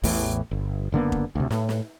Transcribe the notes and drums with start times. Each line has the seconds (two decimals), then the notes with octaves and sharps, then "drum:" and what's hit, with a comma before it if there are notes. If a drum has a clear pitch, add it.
0.04 A1 E2 A2 E3, drum: open hi-hat
0.51 G1
0.92 F#1 D3 A#3 B3
1.12 drum: kick F1
1.35 D2 C3
1.51 A2, drum: snare
1.69 drum: snare